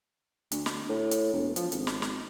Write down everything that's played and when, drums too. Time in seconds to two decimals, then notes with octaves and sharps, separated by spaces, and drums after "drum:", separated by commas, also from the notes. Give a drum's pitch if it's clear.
0.52 D2, drum: hi-hat
0.66 drum: snare
0.89 A2
1.11 drum: hi-hat
1.33 E1
1.56 F3, drum: hi-hat
1.72 G#1, drum: hi-hat
1.87 drum: snare
2.02 drum: snare